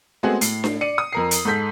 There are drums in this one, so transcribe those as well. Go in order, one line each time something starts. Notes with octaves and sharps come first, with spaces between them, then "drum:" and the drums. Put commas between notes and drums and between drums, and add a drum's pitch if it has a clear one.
G#3 A3 B3 C4 F#4 G#4
A2 C7, drum: hi-hat
drum: snare D4
D5 C#7 D#7
D#6
F2 A#4 C7
drum: hi-hat
G#2 A4 G6 B6